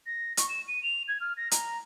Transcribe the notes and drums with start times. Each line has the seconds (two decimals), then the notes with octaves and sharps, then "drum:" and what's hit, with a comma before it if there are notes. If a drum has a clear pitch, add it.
0.06 A#6
0.37 C#6, drum: hi-hat
0.48 E7
0.67 D#7
0.82 F7
1.08 G#6
1.20 F6
1.37 A#6
1.51 A#5, drum: hi-hat